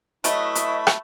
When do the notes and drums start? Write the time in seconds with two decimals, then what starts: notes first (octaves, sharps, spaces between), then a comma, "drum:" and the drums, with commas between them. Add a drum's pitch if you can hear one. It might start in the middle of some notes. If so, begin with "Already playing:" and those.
0.24 F#3 A3 E4 B4 D#5 B5 C#6, drum: hi-hat
0.55 drum: hi-hat
0.87 drum: rim click